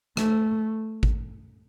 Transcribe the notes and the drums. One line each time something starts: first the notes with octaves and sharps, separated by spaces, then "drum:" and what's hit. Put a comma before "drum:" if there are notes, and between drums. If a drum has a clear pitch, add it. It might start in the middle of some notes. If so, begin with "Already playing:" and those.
A3, drum: rim click
drum: kick G#1